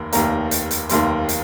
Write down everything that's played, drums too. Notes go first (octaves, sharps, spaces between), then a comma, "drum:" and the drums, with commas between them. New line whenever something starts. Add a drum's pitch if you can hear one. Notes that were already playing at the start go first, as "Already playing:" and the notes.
Already playing: F1 D#2 D#3 A#3
F1 D#2 D#3 A#3 A#5, drum: hi-hat
drum: hi-hat
drum: hi-hat
F1 D#2 D#3 A#3 C6, drum: hi-hat
drum: hi-hat